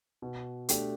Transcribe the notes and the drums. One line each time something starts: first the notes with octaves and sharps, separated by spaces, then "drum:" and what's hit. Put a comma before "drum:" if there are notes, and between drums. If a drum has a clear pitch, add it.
B2
A3 D4 G4, drum: hi-hat